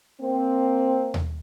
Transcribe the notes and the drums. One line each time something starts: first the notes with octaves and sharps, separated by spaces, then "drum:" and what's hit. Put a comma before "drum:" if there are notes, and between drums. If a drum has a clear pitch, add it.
A#3 C4
drum: tom D#2